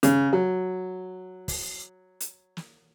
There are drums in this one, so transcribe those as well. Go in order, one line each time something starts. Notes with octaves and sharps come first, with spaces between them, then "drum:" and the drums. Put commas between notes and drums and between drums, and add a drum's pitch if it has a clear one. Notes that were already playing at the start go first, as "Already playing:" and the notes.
C#3, drum: hi-hat
F#3
drum: kick, open hi-hat
drum: hi-hat
drum: snare